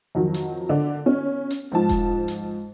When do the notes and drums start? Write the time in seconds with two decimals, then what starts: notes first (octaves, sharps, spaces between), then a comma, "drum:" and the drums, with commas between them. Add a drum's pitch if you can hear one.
0.15 F2 D#3 F#3
0.34 drum: hi-hat
0.69 D3 D5
1.06 C#4
1.50 drum: hi-hat
1.72 G#2 F3 A5
1.89 drum: kick E1, hi-hat
2.28 drum: hi-hat